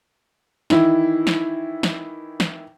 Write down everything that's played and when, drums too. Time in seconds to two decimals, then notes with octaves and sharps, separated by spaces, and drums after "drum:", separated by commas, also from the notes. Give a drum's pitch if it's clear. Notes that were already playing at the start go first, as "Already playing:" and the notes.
0.70 D#3 E3 E4, drum: snare
1.27 drum: snare
1.83 drum: snare
2.40 drum: snare